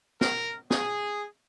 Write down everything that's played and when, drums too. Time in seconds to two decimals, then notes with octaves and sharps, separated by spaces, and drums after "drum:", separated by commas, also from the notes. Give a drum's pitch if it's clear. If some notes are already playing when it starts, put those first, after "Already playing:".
0.21 A#4, drum: snare
0.70 G#4, drum: snare